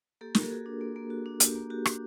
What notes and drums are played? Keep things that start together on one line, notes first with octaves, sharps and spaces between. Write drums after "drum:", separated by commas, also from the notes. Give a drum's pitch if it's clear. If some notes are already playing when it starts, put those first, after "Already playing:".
A#3 G4 A4
A#3 A#4, drum: snare
A4
F#4 G#4
D4
A#3
A#3
F#4
D4
A#3 G4, drum: hi-hat
A#3
F#4 G4
D4, drum: rim click